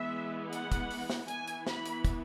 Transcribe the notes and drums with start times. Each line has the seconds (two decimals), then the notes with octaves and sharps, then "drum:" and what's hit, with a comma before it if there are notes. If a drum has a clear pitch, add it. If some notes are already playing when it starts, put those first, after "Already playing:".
Already playing: E3 G#3 B3 E5
0.53 F#5, drum: hi-hat
0.72 drum: kick, hi-hat
0.91 drum: open hi-hat
1.10 drum: snare
1.28 E3 B3 G#5, drum: hi-hat
1.48 drum: hi-hat
1.67 B5, drum: snare
1.86 drum: hi-hat
2.05 drum: kick, hi-hat